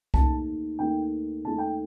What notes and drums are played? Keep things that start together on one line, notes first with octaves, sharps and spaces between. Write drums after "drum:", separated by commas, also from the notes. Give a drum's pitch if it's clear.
D#2 D#3 A3 A5, drum: kick C2
D#2 D#3 A3 G5
D#2 D#3 A3 A5
G5